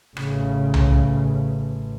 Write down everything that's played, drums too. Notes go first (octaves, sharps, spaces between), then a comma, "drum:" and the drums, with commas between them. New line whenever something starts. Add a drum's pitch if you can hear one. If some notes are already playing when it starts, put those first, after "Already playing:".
A1 C#3, drum: rim click
drum: tom C2